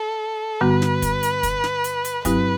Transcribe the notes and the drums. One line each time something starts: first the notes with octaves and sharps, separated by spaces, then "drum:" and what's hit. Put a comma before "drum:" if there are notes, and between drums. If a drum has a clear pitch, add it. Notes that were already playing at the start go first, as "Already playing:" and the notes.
Already playing: A4
G2 D3 G3 B3 F#4 B4
drum: snare
drum: kick, hi-hat
drum: hi-hat
drum: kick, hi-hat
drum: snare
drum: hi-hat
drum: hi-hat
G2 F#3 C4 E4 G4 B4, drum: kick, hi-hat